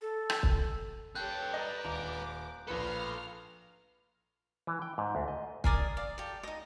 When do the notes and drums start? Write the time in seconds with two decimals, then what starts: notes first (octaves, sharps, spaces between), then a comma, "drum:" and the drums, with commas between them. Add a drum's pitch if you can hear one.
0.02 A4
0.30 drum: rim click
0.43 drum: kick
1.15 G4 A4 B4 C#5 G5 F#6 G6
1.54 D5 D#5 A#5
1.85 D#1 A#5 D6
2.68 A#1 A4 B4 F5 B5 F6
4.67 E3
4.82 G5
4.98 G#2
5.15 D2
5.28 D#5
5.64 G#4 A#4 D5 D#6, drum: kick
5.97 D5 F5
6.18 G4 A4
6.43 D#4 D#5